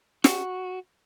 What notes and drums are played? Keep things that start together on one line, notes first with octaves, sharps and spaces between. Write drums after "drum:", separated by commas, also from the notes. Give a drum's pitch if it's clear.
F#4, drum: snare